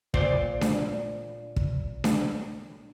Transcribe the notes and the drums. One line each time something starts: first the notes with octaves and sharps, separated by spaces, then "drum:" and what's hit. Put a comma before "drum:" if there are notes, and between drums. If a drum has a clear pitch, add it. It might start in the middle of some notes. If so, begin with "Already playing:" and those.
A#2 C5 D5, drum: kick
drum: snare D4
drum: kick
drum: snare D4